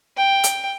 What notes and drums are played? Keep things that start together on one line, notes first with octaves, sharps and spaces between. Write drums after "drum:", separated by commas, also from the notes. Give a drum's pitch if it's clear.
G5
drum: hi-hat